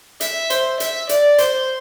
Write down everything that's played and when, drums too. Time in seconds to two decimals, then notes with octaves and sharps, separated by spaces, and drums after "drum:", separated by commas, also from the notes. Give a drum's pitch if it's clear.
0.21 E5, drum: hi-hat
0.50 C5, drum: hi-hat
0.80 E5, drum: hi-hat
1.09 D5, drum: hi-hat
1.38 C5, drum: hi-hat